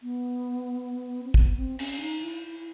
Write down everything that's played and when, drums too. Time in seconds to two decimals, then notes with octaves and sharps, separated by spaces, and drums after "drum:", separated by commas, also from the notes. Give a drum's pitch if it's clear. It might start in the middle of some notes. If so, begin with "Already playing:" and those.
0.03 B3
1.25 C4
1.34 B3, drum: kick
1.57 C4
1.79 C#4, drum: cymbal
2.01 D#4
2.22 E4
2.44 E4